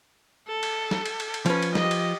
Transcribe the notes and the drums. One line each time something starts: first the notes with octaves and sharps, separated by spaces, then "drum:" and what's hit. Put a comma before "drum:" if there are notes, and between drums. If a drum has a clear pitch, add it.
A4
drum: cymbal
drum: snare
drum: cymbal
drum: cymbal
drum: cymbal
F3 C#4 B4, drum: cymbal
drum: cymbal
G4 D#5, drum: snare
drum: cymbal